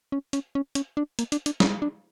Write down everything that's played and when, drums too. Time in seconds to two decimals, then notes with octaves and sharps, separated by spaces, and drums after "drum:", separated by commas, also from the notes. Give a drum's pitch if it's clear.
0.12 C#4
0.33 C#4, drum: hi-hat
0.55 C#4
0.75 C#4, drum: hi-hat
0.97 D4
1.19 A#3, drum: hi-hat
1.32 D4, drum: hi-hat
1.46 D4, drum: hi-hat
1.60 C#4, drum: snare
1.82 D4